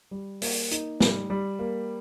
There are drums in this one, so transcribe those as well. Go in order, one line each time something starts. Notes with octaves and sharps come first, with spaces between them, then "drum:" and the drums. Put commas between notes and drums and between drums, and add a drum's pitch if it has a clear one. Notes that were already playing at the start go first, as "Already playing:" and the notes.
G3
A#3, drum: open hi-hat
D#4, drum: hi-hat
G3, drum: snare
G3
A#3